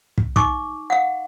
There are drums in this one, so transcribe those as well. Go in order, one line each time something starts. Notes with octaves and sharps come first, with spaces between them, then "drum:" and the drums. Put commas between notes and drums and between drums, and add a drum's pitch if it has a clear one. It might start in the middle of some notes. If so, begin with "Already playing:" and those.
drum: kick
D#4 C#6 D6, drum: kick
F5 F#5